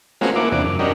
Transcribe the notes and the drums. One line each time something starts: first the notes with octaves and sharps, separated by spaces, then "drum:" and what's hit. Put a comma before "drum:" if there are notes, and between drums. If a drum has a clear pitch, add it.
C#4 F4 F#4 G#4 A#4 C5, drum: snare
A#3 E4 F#5 D6
E2 C3 D4 D6
F#2
C#4 D4 F#4 G4 A#4 D#5